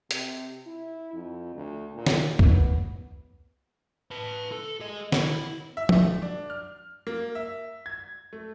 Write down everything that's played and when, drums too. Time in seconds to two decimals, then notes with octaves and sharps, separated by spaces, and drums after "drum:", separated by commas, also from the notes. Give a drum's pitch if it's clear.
0.11 C3, drum: hi-hat
0.67 E4
1.14 F2
1.55 D2
1.95 A#2
2.07 drum: snare
2.39 B3, drum: kick
4.11 B4 A5
4.52 A4
4.80 G#4 D#5
5.12 E4, drum: snare
5.77 E5
5.89 A3, drum: tom
6.22 D4
6.50 F6
7.07 A#3
7.35 E5
7.86 G#6
8.33 A3